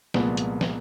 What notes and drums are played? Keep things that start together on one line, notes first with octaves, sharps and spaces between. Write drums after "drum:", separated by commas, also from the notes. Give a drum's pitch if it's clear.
C2 A#2 F3 G#3 B3, drum: snare
drum: hi-hat
drum: snare